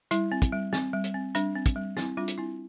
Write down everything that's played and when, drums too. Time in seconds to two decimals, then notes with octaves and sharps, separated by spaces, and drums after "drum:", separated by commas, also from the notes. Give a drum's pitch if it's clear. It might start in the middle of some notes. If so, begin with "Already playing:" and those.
0.11 G3 E4, drum: hi-hat
0.32 C4
0.42 drum: kick, hi-hat
0.52 G3
0.73 C4, drum: snare
0.93 G3
1.04 drum: hi-hat
1.14 C4
1.35 G3 D4, drum: hi-hat
1.55 C4
1.66 drum: kick, hi-hat
1.76 G3
1.97 C4 E4, drum: snare
2.17 G3 D4 F4
2.28 drum: hi-hat
2.38 C4 E4